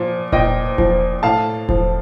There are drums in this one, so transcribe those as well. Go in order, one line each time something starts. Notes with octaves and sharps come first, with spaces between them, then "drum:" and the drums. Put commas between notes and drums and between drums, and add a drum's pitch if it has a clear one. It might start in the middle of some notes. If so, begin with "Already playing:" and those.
Already playing: A#2 F3
A#2 D#5 G5, drum: kick E1
F3, drum: kick E1
A2 F5 A5
F3, drum: kick E1